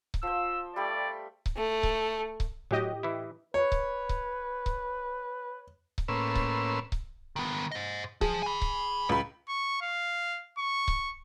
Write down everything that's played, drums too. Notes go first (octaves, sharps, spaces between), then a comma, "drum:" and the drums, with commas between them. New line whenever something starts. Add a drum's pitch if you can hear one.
drum: kick C#1
F3 C5 E6
G3 A3 G4 D5
drum: kick C#1
A3
drum: kick C#1
drum: kick C#1
A2 F#3 G4 D#5
E3 E4
B4 C#5
drum: kick C#1
drum: kick C#1
drum: kick C#1
drum: kick C#1
A2 A#3 C#4 B4 C6 E6
drum: kick C#1
drum: kick C#1
D#3 B3
C5 D#5
F3 G#4, drum: kick C#1
G#5 B5
drum: kick C#1
C#2 B5
C#6
F5
C#6
drum: kick C#1